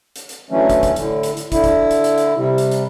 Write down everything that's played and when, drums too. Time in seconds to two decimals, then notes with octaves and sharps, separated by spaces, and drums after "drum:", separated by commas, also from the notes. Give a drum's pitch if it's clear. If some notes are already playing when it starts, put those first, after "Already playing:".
0.16 drum: hi-hat
0.29 drum: hi-hat
0.51 D3 E3 F#3 A3 C#4
0.69 drum: kick, hi-hat
0.83 drum: kick, hi-hat
0.96 A2 D3, drum: hi-hat
1.23 drum: hi-hat
1.37 drum: hi-hat
1.52 D3 E4, drum: kick, hi-hat
1.64 drum: kick, hi-hat
1.91 drum: hi-hat
2.04 drum: hi-hat
2.18 drum: hi-hat
2.36 C3 G3
2.58 drum: hi-hat
2.71 drum: hi-hat